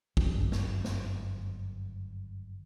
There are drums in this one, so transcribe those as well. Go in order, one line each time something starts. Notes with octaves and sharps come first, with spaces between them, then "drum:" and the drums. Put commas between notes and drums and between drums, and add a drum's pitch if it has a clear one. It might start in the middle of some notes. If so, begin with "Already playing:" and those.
G1 F#2 D#3 F#3, drum: kick
drum: snare
drum: snare